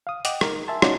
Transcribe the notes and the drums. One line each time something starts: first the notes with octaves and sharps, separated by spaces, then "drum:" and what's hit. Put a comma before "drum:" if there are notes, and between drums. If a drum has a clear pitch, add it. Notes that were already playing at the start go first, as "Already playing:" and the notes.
F5 D#6
D#5 F#5 G5 D6, drum: hi-hat
D#4 A#4, drum: rim click
E5 G#5 A5 C6
C#4 D#4 F4 F#4 C#5 D5, drum: rim click